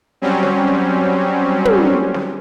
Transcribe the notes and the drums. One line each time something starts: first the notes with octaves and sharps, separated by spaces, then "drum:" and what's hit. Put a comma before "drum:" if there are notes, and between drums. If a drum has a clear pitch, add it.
F#3 G3 C4 C#4
drum: snare
drum: tom
drum: snare